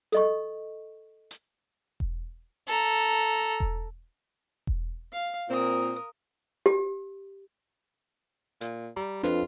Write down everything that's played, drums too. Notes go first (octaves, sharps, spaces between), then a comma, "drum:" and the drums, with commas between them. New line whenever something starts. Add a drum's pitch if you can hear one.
A4 D#5 C#6, drum: hi-hat
drum: hi-hat
drum: kick E1
A4 A#5, drum: hi-hat
drum: kick E1
drum: kick E1
F5
A#2 C4 A#4 D#6
G4
A#2, drum: hi-hat
G3 A#5
F2 D4 F4 B4, drum: snare